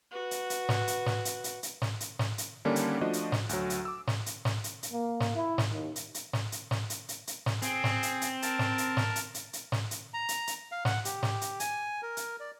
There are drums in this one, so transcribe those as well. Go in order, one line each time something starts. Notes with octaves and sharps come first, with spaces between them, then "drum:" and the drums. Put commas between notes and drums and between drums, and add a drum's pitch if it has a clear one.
F#4 B4
drum: hi-hat
drum: hi-hat
drum: snare
drum: hi-hat
drum: snare
drum: hi-hat
drum: hi-hat
drum: hi-hat
drum: snare
drum: hi-hat
drum: snare
drum: hi-hat
D3 D#3 G3 A#3 C#4 D4
drum: hi-hat
F3 A3 D4 F#4 D#5
drum: hi-hat
drum: snare
D2 F#3, drum: hi-hat
drum: hi-hat
D6 E6
drum: snare
drum: hi-hat
drum: snare
drum: hi-hat
drum: hi-hat
A#3
drum: snare
E4
drum: snare
D#2
drum: hi-hat
drum: hi-hat
drum: snare
drum: hi-hat
drum: snare
drum: hi-hat
drum: hi-hat
drum: hi-hat
drum: snare
C4 G#4, drum: hi-hat
drum: snare
drum: hi-hat
drum: hi-hat
A#4 A5, drum: hi-hat
drum: snare
drum: hi-hat
drum: snare
drum: hi-hat
drum: hi-hat
drum: hi-hat
drum: snare
drum: hi-hat
A#5
drum: hi-hat
drum: hi-hat
F5
F#5, drum: snare
G4, drum: hi-hat
drum: snare
drum: hi-hat
G#5, drum: hi-hat
A#4
drum: hi-hat
D5